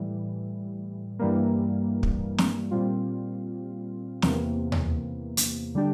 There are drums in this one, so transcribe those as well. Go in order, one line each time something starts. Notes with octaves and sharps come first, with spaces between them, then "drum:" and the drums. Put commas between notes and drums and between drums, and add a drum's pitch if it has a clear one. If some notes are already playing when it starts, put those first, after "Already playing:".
Already playing: A2 E3 G3
G2 E3 G3 A#3
drum: kick
drum: snare
A#2 G3 C4 F4
E2 C3 E3 A#3, drum: snare
drum: tom D#2
drum: hi-hat
D3 G3 D4 G4